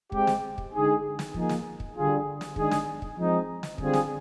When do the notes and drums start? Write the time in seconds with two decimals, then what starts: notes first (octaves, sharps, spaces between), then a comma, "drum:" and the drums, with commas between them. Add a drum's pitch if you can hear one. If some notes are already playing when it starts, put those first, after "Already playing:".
0.12 G#3 C4 G4, drum: kick
0.27 drum: snare
0.58 drum: kick
0.73 D3 G#3 D#4 G#4
1.19 drum: snare
1.34 F3 A#3 D#4 G#4, drum: kick
1.49 drum: snare
1.80 drum: kick
1.95 D3 G3 D4 F4 G#4
2.41 drum: snare
2.56 D#3 G#3 D4 G#4, drum: kick
2.71 drum: snare
3.02 drum: kick
3.17 F3 G#3 C4 D#4
3.63 drum: snare
3.78 D3 G3 C4 F4 G#4, drum: kick
3.93 drum: snare